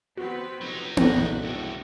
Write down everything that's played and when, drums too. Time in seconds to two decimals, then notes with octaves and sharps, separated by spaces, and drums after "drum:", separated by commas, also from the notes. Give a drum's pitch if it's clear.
0.17 B3 C4 F#4 B4
0.61 F1 F#3 D#4
0.97 F#1 B1 F#2 A#2 B3 A4 F#6, drum: tom B3
1.42 E1 C2 A2 F#4